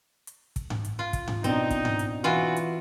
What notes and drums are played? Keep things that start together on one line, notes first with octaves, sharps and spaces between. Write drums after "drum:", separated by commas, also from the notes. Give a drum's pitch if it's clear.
drum: hi-hat
drum: kick, hi-hat
drum: tom G#2
drum: hi-hat
F4
drum: kick, hi-hat
drum: tom G#2
B2 C4 D4 D#4, drum: hi-hat
drum: kick, hi-hat
drum: tom G#2
drum: hi-hat
E3 F4 F#4
drum: hi-hat